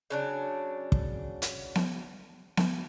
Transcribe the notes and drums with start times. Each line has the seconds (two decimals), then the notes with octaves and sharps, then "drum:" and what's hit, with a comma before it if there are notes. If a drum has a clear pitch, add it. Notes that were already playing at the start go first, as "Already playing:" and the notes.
0.10 C#3 F#3 D4
0.92 drum: kick
1.42 drum: hi-hat
1.75 drum: snare B3
2.57 drum: snare B3